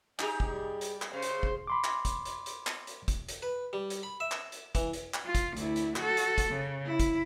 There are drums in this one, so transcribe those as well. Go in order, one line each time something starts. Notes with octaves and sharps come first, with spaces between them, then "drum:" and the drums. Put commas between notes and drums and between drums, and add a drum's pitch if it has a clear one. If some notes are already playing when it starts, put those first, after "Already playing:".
D#4 G4 G#4 G#5, drum: clap
drum: kick
G3
drum: hi-hat
drum: clap
C#3 C5
drum: hi-hat
drum: kick
B5 C6 D6
drum: clap
drum: kick, hi-hat
drum: hi-hat
drum: hi-hat
drum: clap
drum: hi-hat
drum: kick, hi-hat
drum: hi-hat
B4
G3
drum: hi-hat
B5
E5
drum: clap
drum: hi-hat
E3, drum: kick, hi-hat
drum: hi-hat
drum: clap
F4
drum: kick, hi-hat
D2 E4, drum: hi-hat
drum: hi-hat
F#4 A4, drum: clap
drum: hi-hat
drum: kick, hi-hat
C#3
E4
drum: kick, hi-hat